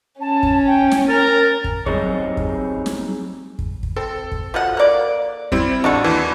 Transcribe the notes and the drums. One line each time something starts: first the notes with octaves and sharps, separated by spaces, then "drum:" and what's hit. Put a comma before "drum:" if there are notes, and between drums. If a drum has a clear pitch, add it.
C#4 A5
drum: kick
G5
drum: snare
A#4 A6
drum: kick
F#3 G3 C4 D#4 G#4 C#5, drum: kick
drum: kick
drum: snare
drum: kick
drum: kick
C4 A4
drum: kick
F3 F#4 F#5
A#3 D5
G3 C4 E4, drum: kick
A1 D4 F#4 A4
D#2 E3